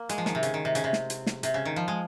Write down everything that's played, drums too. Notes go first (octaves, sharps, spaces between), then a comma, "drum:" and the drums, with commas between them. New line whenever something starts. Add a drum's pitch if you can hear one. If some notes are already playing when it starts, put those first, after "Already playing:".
Already playing: A#3
G#3, drum: hi-hat
F3
D#3, drum: snare
C3
C#3, drum: hi-hat
D#3
C3
C#3, drum: hi-hat
C3
drum: snare
drum: hi-hat
drum: snare
C3, drum: hi-hat
C#3
D#3
F3
G#3